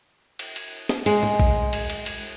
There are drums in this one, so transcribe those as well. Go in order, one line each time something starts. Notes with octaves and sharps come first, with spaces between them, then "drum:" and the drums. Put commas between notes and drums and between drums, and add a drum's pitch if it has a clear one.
drum: cymbal
drum: cymbal
drum: snare
G#3, drum: cymbal
drum: tom G#2
drum: kick A#1
drum: cymbal
drum: cymbal
drum: cymbal